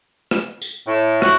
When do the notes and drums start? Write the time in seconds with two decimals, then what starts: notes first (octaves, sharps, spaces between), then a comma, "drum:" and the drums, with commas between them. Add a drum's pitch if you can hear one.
0.31 drum: rim click
0.62 drum: tambourine
0.87 A2 E5
1.22 F#4, drum: rim click